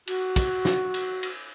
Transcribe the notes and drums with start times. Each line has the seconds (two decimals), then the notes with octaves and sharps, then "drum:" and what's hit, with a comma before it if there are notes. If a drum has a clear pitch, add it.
0.07 F#4, drum: cymbal
0.36 drum: kick, cymbal
0.65 drum: snare
0.94 drum: cymbal
1.23 drum: cymbal